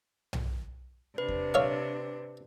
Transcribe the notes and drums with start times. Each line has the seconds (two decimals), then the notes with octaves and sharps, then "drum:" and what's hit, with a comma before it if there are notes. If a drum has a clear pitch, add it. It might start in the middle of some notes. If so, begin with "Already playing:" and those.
0.33 drum: tom B1
1.18 C3 D4 B4
1.28 drum: kick E2
1.54 C#5 E5 F5